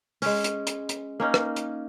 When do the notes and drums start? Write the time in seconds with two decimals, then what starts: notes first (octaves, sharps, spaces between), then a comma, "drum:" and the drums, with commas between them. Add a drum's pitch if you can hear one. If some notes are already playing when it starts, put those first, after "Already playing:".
0.22 G#3 C#4, drum: open hi-hat
0.44 drum: hi-hat
0.67 drum: hi-hat
0.89 drum: hi-hat
1.20 A#3 C#4 D#4
1.34 drum: rim click
1.56 drum: hi-hat